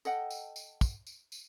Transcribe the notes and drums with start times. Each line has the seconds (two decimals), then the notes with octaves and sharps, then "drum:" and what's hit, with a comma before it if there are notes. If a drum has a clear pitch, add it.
0.05 A4 D#5 F#5 G5, drum: tambourine
0.31 drum: tambourine
0.56 drum: tambourine
0.81 drum: kick, tambourine
1.07 drum: tambourine
1.32 drum: tambourine